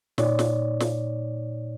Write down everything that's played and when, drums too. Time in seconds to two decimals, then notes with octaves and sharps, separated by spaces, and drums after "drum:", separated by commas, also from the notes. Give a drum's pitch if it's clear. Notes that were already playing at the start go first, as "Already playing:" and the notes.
0.18 A#2 D#4 C#5 D5, drum: snare
0.39 drum: snare
0.80 drum: snare